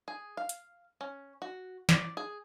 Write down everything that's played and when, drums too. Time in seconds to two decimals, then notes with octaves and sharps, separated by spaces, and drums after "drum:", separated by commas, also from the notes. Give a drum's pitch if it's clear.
0.08 G#4
0.37 F5
0.49 drum: hi-hat
1.01 C#4
1.42 F#4
1.89 D5, drum: snare
2.17 G#4